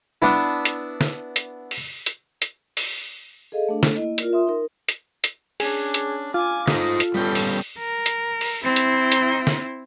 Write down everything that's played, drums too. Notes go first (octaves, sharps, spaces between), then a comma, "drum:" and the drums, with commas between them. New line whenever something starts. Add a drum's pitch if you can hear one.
B3 D4 E4
drum: hi-hat
drum: snare
drum: hi-hat
drum: open hi-hat
drum: hi-hat
drum: hi-hat
drum: open hi-hat
G#4 A4 D#5 F5
A3 D4 A4
drum: snare
A#3 E4 D#5
F4 A#4 D5, drum: hi-hat
E5 C6 D#6
D#4 A#4
drum: hi-hat
drum: hi-hat
C#4 D4 G#4, drum: open hi-hat
drum: hi-hat
F4 G#5 D6
D#4 A4 C5 D#5, drum: snare
drum: hi-hat
G3 B3 C#4 A4 G5
drum: open hi-hat
A#4
drum: hi-hat
drum: open hi-hat
C4 E4
drum: hi-hat
drum: hi-hat
drum: snare